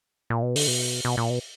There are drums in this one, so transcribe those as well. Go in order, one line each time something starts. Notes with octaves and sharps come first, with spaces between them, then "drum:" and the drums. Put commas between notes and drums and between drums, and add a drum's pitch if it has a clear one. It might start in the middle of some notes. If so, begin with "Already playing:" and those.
A#2
B2
D3, drum: open hi-hat
B2
B2
A#2
B2